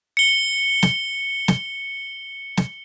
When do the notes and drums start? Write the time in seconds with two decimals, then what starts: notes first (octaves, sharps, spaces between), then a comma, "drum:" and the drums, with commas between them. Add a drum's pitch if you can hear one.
0.17 C#7 G7
0.83 drum: snare
1.48 drum: snare
2.57 drum: snare